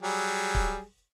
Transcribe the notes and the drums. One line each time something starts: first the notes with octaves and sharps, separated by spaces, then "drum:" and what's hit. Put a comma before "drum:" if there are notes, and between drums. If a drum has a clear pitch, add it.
F#3 G3 G#4
drum: kick